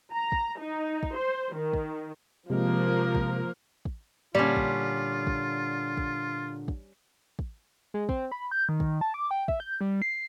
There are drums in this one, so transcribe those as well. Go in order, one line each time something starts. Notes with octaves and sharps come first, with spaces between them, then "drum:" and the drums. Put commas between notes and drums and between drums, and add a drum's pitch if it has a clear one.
A#5
drum: kick
D#4
drum: kick
C5
D#3
drum: kick
C3 F3 G#3 A#3 A#4
drum: kick
drum: kick
A#2 D3 G3 C#4 F4 D5
drum: kick
drum: kick
drum: kick
drum: kick
drum: kick
G#3
C4, drum: kick
B5
G6
D#3
drum: kick
A5
D6
G5
E5, drum: kick
G6
G3
C7